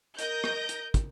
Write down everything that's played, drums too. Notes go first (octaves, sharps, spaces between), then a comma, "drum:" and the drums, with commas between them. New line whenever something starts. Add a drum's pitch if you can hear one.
A#4 D#5 G6 A#6, drum: hi-hat
drum: rim click
drum: hi-hat
drum: kick, hi-hat